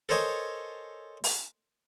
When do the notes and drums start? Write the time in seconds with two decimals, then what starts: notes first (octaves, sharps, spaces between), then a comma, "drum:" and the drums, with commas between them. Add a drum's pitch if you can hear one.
0.09 A4 A#4 C5 C#5 D#5 G#5
1.24 drum: open hi-hat